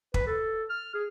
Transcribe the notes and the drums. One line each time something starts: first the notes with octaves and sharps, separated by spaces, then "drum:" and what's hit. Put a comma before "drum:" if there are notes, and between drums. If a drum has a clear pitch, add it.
B4, drum: kick
A4
F6
G#4